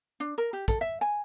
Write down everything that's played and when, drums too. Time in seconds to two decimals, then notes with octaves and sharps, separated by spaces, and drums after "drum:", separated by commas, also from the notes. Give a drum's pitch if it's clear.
0.20 D4
0.38 A#4
0.53 G4
0.68 A4, drum: kick, hi-hat
0.81 E5
1.01 G#5